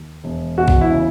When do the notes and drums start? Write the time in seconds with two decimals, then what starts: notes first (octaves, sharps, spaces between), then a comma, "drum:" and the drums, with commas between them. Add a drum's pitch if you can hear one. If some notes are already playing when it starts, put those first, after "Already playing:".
Already playing: D#2
0.24 E1
0.58 E1 F#4
0.68 drum: kick
0.81 E4
0.92 C#3